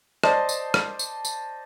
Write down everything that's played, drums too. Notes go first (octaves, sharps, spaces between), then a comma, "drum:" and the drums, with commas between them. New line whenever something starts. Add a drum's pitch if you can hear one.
C5 D5 D#5 A5 C6, drum: rim click
drum: tambourine
drum: rim click
drum: tambourine
drum: tambourine